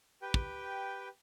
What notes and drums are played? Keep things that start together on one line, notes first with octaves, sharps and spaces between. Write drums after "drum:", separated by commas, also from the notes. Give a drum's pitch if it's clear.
G4 B4 G5
drum: kick